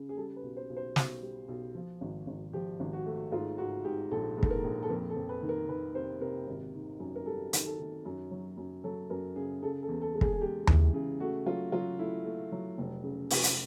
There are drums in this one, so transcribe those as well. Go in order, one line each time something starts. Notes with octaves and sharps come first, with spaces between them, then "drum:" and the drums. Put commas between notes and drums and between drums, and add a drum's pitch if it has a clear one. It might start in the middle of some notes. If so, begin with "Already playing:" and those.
Already playing: C#3
G#4
G3 A4
B4
B1
C5
B1
C5
B1, drum: snare
G3
B1
F3
G#1
G#1
F3 G4
G#1
F#4
A3
G#2 F4
G#2 F#4
G#2 G4
A#1 A4
G#2
A4, drum: kick
A#4
A#1
A4
F2 A#4
A4
F2
B4
D#3
A#4
D#3 B4
C3 C5
C3 A#4
G#1
D#3
F#2
A#4
G3 A4
D#3, drum: hi-hat
A4
D#3
F#2
F#3
F#2
F#3 A4
F#2 A#4
C#3 G#4
C#3 A4
A4
E2
A4
G#3
G#4, drum: kick
G#4
G#3 G4
E3, drum: tom D#2
C#3
A3 F#4
F#3 F4
F#3 F4
A3 E4
A3
F#3
F1
C#3
F1, drum: open hi-hat
drum: hi-hat